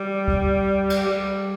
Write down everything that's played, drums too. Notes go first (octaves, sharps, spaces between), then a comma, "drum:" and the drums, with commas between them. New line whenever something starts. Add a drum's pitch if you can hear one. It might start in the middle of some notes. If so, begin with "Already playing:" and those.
Already playing: G3
drum: kick
drum: cymbal
G3